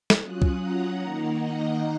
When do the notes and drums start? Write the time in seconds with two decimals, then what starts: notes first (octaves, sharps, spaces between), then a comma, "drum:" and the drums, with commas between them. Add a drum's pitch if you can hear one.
0.10 drum: snare
0.22 F#3 C#4 F4 D#6 F#6
0.42 drum: kick
0.61 F#5 A#5
1.00 D#3 A#3 D#4 F#5 A#5
1.40 D#5 F#5